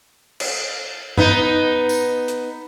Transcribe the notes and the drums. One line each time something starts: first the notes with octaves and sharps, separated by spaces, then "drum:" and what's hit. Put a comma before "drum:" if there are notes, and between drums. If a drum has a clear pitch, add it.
drum: cymbal
B3 D#4, drum: tom
drum: tambourine
drum: hi-hat